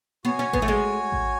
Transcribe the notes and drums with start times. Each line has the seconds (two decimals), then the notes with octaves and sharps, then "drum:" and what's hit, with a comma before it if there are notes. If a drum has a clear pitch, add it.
0.25 B3 F#4 C#5 G#5
0.39 C#4
0.53 B3, drum: kick G#1
0.62 A3
0.68 G#3
1.12 drum: kick G#1